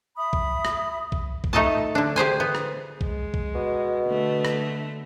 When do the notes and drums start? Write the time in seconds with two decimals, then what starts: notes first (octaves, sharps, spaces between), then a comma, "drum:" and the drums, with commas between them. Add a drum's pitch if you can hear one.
0.17 E5 B5 D#6
0.33 drum: kick B1
0.65 drum: rim click
1.12 drum: kick B1
1.44 drum: kick B1
1.53 A3 D#4 A4 D#5 A5
1.95 D3 D4
2.16 G4 G#4 C5 G#5
2.40 B3
2.55 drum: rim click
3.01 G#3, drum: kick B1
3.34 drum: kick B1
3.55 B2
4.07 D3 A3
4.45 drum: rim click